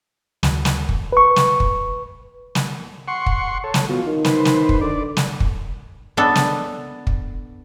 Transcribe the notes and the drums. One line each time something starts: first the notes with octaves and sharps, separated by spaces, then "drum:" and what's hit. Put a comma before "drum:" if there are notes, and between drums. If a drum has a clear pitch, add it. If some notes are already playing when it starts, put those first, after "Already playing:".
D2, drum: snare
drum: snare
drum: kick
B4 C#6
drum: snare
drum: kick
drum: snare
F#5 C6 C#6
drum: kick
A4 C#5
drum: snare
B2 F4
D#3
B4 C5, drum: snare
drum: snare
drum: kick
D3 D5
drum: snare
drum: kick
B3 D4 A4
drum: snare
drum: kick